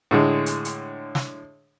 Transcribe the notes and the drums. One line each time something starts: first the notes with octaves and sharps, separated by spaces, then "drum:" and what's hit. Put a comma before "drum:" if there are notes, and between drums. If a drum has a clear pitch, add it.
A2 D3 G#3
drum: hi-hat
drum: hi-hat
drum: snare